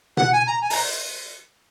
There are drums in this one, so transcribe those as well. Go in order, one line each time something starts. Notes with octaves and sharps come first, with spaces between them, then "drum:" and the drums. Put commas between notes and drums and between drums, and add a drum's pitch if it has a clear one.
F#5, drum: tom B2
G#5
A#5
G#5
A#5, drum: open hi-hat